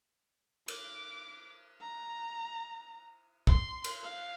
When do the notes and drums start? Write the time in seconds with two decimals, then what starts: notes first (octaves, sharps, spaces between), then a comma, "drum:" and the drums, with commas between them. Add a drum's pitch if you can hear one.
0.68 D6, drum: cymbal
1.81 A#5
3.47 C6, drum: kick
3.84 drum: cymbal
4.03 F5